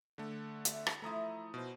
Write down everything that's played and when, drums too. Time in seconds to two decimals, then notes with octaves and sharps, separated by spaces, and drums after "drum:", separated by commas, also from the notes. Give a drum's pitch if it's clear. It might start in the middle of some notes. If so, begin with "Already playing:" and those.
0.18 D3 A3
0.65 D5 E5, drum: hi-hat
0.87 drum: rim click
1.02 E3 F3 A3 E4 A#5 D#6
1.54 B2 C5